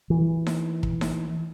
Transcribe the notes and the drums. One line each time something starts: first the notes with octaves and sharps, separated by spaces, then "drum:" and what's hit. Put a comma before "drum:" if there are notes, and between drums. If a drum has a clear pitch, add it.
E3
drum: snare D#4
drum: kick
drum: snare D#4